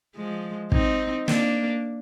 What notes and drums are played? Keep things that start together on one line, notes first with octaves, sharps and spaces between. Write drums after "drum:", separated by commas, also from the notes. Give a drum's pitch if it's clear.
F3 G#3
C4 D#4, drum: kick
A#3 D4, drum: snare